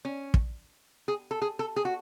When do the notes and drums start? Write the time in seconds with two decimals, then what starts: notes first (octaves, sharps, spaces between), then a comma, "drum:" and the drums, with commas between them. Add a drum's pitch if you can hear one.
0.05 C#4
0.34 drum: kick
1.08 G#4
1.31 A4
1.42 G#4
1.59 A4
1.76 G#4
1.85 F#4